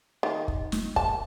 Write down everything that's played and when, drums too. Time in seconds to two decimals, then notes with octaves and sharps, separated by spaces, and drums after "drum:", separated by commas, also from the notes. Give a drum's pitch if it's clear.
0.23 D#3
0.48 drum: kick
0.72 drum: snare
0.96 A5, drum: kick